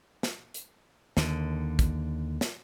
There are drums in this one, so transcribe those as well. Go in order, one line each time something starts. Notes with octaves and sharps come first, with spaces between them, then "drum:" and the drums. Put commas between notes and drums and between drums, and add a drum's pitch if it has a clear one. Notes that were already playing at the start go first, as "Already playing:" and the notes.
drum: snare
drum: hi-hat
D#2 D3, drum: snare
drum: kick, hi-hat
drum: snare